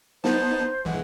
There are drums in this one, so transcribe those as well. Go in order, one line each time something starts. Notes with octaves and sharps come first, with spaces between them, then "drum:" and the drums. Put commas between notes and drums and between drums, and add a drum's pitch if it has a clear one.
B3 D#4 C5 A5, drum: snare
B1 E3 G#3 F#5